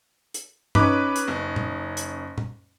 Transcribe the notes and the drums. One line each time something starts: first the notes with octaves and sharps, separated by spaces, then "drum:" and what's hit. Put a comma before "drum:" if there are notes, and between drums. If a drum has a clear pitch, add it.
drum: hi-hat
C#4 D#4 B4 D6, drum: tom
drum: hi-hat
F#1
drum: tom
drum: hi-hat
drum: tom